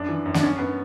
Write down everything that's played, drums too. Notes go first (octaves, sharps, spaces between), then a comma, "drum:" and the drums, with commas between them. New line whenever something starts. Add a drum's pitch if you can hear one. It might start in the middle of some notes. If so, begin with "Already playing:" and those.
Already playing: F#2 D4
E3
F#2
D4, drum: snare
F#2 C#4
F#2 B3